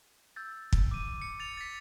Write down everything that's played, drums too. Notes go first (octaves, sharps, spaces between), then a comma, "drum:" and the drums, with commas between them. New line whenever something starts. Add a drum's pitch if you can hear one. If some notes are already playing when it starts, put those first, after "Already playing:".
E6 G6 A6
drum: kick
D6 D#7
C#7
A6 F7
A6 B6